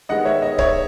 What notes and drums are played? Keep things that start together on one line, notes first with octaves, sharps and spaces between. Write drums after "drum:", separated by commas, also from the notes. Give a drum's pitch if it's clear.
D#3 G#3 B3 D#5 F#5
C#5 E5
D#5
C#5 E5, drum: kick